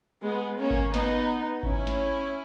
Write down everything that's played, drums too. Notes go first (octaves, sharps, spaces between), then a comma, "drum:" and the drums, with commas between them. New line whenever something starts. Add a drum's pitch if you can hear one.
G#3 B3
A#3 C#4
drum: kick G#1
B3 D#4, drum: snare
C#4 E4, drum: kick G#1
drum: snare